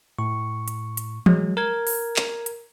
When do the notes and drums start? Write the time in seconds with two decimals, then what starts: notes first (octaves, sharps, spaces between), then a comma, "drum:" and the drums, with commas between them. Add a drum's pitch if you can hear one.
0.19 A2 C#6
0.68 drum: hi-hat
0.97 drum: hi-hat
1.26 F#3 G#3, drum: tom E3
1.57 A#4 G#6
1.87 drum: open hi-hat
2.16 drum: clap
2.46 drum: hi-hat